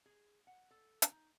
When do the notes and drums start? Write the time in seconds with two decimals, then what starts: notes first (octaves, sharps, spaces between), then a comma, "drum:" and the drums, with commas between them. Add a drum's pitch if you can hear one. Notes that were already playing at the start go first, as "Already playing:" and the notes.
0.06 G#4
0.47 F#5
0.71 A4
1.02 drum: hi-hat
1.12 D#4